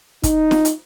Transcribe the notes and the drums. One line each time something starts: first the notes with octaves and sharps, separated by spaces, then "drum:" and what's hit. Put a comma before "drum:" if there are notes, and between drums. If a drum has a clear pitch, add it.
D#4, drum: kick, hi-hat
drum: snare
drum: hi-hat